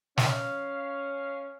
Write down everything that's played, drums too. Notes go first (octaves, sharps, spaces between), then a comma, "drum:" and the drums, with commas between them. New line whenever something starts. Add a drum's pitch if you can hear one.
C#4 F5, drum: snare